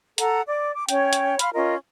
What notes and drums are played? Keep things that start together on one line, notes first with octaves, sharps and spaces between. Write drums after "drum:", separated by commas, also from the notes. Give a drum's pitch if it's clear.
A4 F#5 A#5, drum: hi-hat
D5 D6
D6
C#4 C#5 G5, drum: hi-hat
drum: hi-hat
F5 B5 C6 F6, drum: hi-hat
C#4 F4 A#4 D#5